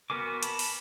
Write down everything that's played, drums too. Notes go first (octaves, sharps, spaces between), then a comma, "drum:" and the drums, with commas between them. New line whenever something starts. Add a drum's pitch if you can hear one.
B3 F#4 A#4 G#5 D6
A5 B5, drum: hi-hat
drum: open hi-hat